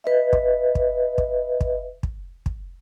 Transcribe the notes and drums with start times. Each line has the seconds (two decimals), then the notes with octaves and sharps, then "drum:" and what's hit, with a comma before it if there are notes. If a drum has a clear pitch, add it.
0.04 B4 D#5 E5
0.33 drum: kick
0.75 drum: kick
1.18 drum: kick
1.61 drum: kick
2.03 drum: kick
2.46 drum: kick